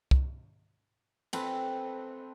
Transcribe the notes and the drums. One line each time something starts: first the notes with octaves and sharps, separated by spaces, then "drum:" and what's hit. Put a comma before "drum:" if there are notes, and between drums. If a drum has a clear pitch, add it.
drum: kick C2
C4 A4 B4, drum: cymbal